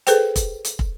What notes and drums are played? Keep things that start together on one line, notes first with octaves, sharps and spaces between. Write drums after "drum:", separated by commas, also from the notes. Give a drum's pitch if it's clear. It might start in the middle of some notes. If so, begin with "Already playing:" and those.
G#4 A4 B4 C5 G5, drum: hi-hat
drum: kick, hi-hat
drum: hi-hat
drum: kick